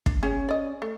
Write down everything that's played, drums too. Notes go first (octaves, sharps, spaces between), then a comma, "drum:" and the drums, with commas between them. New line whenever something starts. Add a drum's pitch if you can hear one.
D4, drum: kick
C#4 G#4
D5 D#5
A3